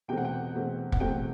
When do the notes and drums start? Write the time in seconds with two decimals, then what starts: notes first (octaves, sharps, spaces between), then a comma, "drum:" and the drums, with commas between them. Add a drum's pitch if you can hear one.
0.08 E2 B2 A3 C4 G5
0.17 F#5
0.25 G5
0.55 E2 B2 A3 C4
0.92 F#5, drum: kick
1.00 E2 B2 A3 C4 G5